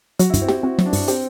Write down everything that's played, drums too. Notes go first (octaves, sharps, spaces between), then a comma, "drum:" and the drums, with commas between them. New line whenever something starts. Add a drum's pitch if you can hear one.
F#3 F#4, drum: hi-hat
E4
G2, drum: kick, hi-hat
C4
E4 G4, drum: snare
C4 F#4
F#3, drum: snare
D4
G2, drum: open hi-hat
C4 G4, drum: hi-hat